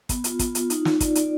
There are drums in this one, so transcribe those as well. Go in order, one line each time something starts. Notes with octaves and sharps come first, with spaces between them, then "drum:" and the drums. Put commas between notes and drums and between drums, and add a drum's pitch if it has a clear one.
B3, drum: kick, hi-hat
F4, drum: hi-hat
B3, drum: kick, hi-hat
F4, drum: hi-hat
D#4, drum: hi-hat
D#4, drum: snare
D5, drum: kick, hi-hat
D5, drum: hi-hat